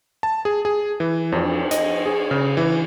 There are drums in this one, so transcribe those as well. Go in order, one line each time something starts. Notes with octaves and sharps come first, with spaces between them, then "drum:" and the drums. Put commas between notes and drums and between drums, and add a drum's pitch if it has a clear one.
A5
G#4
G#4
E3
F2, drum: cymbal
D#5, drum: hi-hat
G#4
C#3
E3